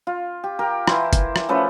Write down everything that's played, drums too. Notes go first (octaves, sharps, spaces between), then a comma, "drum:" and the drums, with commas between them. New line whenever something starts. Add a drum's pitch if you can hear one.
F4
G4
G4 A#4
E3 E4 C6, drum: rim click
drum: kick F#1, hi-hat
drum: rim click
F3 A3 C#4 B4